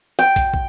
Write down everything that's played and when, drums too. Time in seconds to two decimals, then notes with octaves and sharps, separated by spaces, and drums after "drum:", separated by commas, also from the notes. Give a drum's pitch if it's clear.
0.19 G5, drum: hi-hat
0.36 drum: kick, hi-hat
0.54 drum: kick